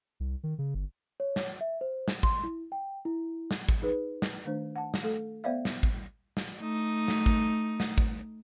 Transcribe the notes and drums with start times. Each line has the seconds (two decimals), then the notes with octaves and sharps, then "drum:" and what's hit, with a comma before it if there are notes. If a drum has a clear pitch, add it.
0.20 C2
0.43 D#3
0.59 C#3
0.75 G1
1.20 C#5
1.36 drum: snare
1.61 E5
1.81 C5
2.08 drum: snare
2.23 C6, drum: kick G#1
2.43 E4
2.72 G5
3.05 E4
3.51 drum: snare
3.69 drum: kick G#1
3.82 D#4 G#4 B4
4.22 drum: snare
4.46 D#3 A3 D4 C5
4.76 F#5 A5
4.94 drum: snare
5.03 A3 A4
5.44 B3 C5 D5 E5 F5
5.65 drum: snare
5.83 drum: kick G#1
6.37 drum: snare
6.60 A3 D#4
7.08 drum: snare
7.26 drum: kick G#1
7.80 drum: snare
7.98 drum: kick G#1